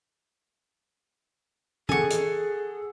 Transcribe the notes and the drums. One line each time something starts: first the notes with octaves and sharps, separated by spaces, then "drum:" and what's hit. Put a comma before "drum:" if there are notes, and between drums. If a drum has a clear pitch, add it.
G#4 A4 F#5 G#5 C#6, drum: tom E3
drum: hi-hat